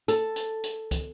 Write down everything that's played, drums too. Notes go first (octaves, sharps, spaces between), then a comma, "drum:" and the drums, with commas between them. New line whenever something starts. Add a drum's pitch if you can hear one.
A4, drum: hi-hat
drum: hi-hat
drum: hi-hat
drum: kick, hi-hat